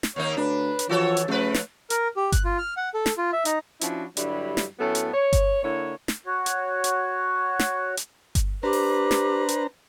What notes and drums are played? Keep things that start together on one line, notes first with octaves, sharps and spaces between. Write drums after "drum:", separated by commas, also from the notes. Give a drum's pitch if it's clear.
drum: snare
D#2 A#3 D#4 C#5
D2 D4 B4
drum: hi-hat
E3 F3 F#4 A4 C#5
drum: hi-hat
C#3 F3 A3 B4
drum: snare
A#4, drum: hi-hat
G4
F#6, drum: kick G1, hi-hat
F4
F6
F#5
A4
drum: snare
F4
E5
D#4, drum: hi-hat
F3 C#4 D4 E4 F#4, drum: hi-hat
G2 D3 F#3 G3 E4 B5, drum: hi-hat
drum: snare
A2 F#3 A3 B3 C#4 A5
drum: hi-hat
C#5
drum: kick G1, hi-hat
D3 A#3 E4 C#5
drum: snare
F#4 C#5
drum: hi-hat
drum: hi-hat
drum: snare
drum: hi-hat
drum: kick G1, hi-hat
D4 G4 B4 C5 A#5
drum: open hi-hat
drum: snare
drum: hi-hat